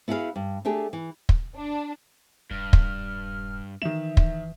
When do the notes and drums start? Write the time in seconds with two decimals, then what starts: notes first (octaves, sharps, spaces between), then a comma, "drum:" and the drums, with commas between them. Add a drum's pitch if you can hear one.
0.08 B3 E4 F#4 G#4 F5
0.36 G2
0.65 A3 D4 G4 G#4
0.93 E3
1.29 drum: kick
1.56 D4
2.51 D#1 G2 F6
2.73 drum: kick
3.82 D#3 E3 E5 E7
4.17 drum: kick